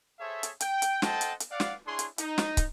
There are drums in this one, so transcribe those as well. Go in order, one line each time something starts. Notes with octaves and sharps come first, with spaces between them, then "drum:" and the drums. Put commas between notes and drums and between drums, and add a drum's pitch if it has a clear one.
G#4 A4 C5 C#5 E5
drum: hi-hat
G5, drum: hi-hat
drum: hi-hat
A4 C5 D#5 F#5 G5 A5, drum: snare
drum: hi-hat
drum: hi-hat
D5 F5 F#5
drum: snare
D4 E4 G#4 C#5 C6
drum: hi-hat
D#4, drum: hi-hat
drum: snare
drum: kick, hi-hat